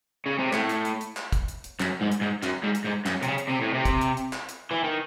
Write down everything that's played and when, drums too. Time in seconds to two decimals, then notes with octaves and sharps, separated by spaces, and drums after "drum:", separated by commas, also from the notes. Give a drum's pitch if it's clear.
0.26 C#3
0.39 C3
0.53 A2, drum: clap
0.69 drum: hi-hat
0.85 drum: hi-hat
1.01 drum: hi-hat
1.17 drum: clap
1.32 drum: kick, hi-hat
1.48 drum: hi-hat
1.64 drum: hi-hat
1.80 F#2, drum: clap
2.01 G#2
2.12 drum: hi-hat
2.22 G#2
2.43 F#2, drum: clap
2.64 G#2
2.75 drum: hi-hat
2.85 G#2
3.06 F#2, drum: clap
3.23 C3, drum: hi-hat
3.28 C#3
3.38 drum: hi-hat
3.48 C3
3.61 A2
3.74 C3
3.85 drum: kick, hi-hat
4.01 drum: hi-hat
4.17 drum: hi-hat
4.33 drum: clap
4.49 drum: hi-hat
4.71 E3
4.84 D#3